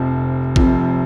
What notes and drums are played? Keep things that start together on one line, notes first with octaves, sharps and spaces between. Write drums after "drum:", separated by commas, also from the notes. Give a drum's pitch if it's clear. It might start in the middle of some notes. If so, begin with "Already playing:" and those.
Already playing: F1 F2 C3 F3
F1 F2 C3 F3, drum: kick